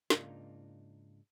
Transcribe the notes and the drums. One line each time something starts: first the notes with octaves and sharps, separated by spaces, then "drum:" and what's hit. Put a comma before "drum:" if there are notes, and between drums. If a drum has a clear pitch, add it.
G#2 C#3 A#3 D4 D#4 F4, drum: snare